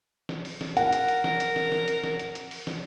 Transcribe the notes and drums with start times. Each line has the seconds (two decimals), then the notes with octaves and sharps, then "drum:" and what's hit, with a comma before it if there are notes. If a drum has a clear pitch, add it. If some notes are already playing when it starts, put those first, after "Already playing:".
0.29 drum: snare
0.45 drum: open hi-hat
0.61 drum: snare
0.77 A#4 F#5, drum: hi-hat
0.93 drum: hi-hat
1.08 drum: hi-hat
1.24 drum: snare
1.40 drum: hi-hat
1.56 drum: snare
1.72 drum: snare
1.88 drum: hi-hat
2.04 drum: snare
2.19 drum: hi-hat
2.35 drum: hi-hat
2.51 drum: open hi-hat
2.67 drum: snare